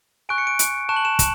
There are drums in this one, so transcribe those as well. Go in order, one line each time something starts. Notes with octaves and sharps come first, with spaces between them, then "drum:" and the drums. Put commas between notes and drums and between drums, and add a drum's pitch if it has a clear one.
G#5 C#6 F#6 D7
C#7
D7
drum: hi-hat
A5 C#6 F#6 E7
F#7
E7
E7, drum: kick, hi-hat